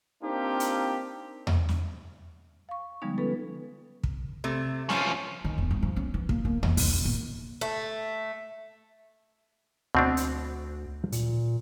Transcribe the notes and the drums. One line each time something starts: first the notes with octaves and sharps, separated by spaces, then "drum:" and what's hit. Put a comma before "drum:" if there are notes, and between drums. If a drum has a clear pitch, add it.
A#3 C4 D4 D#4 F4 G4
drum: hi-hat
drum: tom E2
drum: snare
F5 C#6
D3 F3 G3 G#3 B3 D#4
B3 C#4 F4 A4 B4
drum: kick
C3 A3
F3 C#4 A5, drum: snare
D#3
E1
G2
F3
C#4
E3
A#3, drum: kick
A#3
E3, drum: tom E2
B1, drum: open hi-hat
E1
A#2
A3
D2 B2 C4 D4
drum: hi-hat
A#2, drum: hi-hat